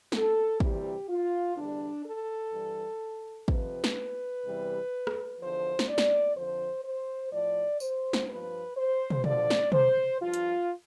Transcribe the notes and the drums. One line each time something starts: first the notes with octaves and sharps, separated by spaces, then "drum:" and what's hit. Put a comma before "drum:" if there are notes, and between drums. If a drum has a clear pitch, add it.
A4, drum: snare
D2 C3 E3 G3 G4, drum: kick
F4
E2 D3 G3 D4
A4
G2 E3 G3
F2 C3 F3 B4, drum: kick
drum: snare
E2 C3 E3 G3
drum: rim click
E2 D3 F3 C5
drum: snare
D5
drum: snare
F2 D3 F3 C5
C5
A2 F3 D5
C5, drum: tambourine
drum: snare
G2 F3 B4
C5
drum: tom
G2 D3 F3 D5, drum: tom
drum: snare
C5, drum: tom
G2 F3 F4
drum: hi-hat